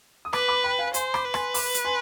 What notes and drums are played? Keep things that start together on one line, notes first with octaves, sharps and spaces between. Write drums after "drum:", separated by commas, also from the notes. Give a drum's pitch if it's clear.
D#6
B4 B5 D6, drum: rim click
B5 D6
G5 B5
F5 G#5
C5 G#5 C6, drum: hi-hat
B5 D6, drum: rim click
B4
G#5 C6, drum: rim click
B5 D6, drum: open hi-hat
drum: hi-hat
G#5 C6